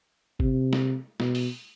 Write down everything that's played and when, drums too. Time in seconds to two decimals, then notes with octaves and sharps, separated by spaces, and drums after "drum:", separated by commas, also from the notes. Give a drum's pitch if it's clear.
0.40 C3, drum: kick G1
0.73 drum: snare
1.20 B2, drum: snare
1.35 drum: open hi-hat